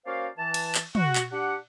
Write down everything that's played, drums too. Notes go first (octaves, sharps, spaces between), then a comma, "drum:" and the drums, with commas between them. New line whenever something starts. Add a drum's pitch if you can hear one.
A#3 C#4 F#4 C5 D5 F5
E3 A5
drum: cymbal
drum: clap
F#4, drum: tom
drum: clap
D4 G4 F#5